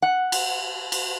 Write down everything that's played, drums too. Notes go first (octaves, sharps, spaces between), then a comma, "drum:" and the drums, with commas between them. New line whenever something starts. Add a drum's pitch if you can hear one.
F#5
drum: cymbal
drum: cymbal